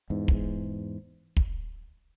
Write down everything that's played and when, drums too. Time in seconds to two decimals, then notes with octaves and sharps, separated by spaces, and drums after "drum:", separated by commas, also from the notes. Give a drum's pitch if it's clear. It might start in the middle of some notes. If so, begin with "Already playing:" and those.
0.10 E2 G#2
0.28 drum: kick
1.37 drum: kick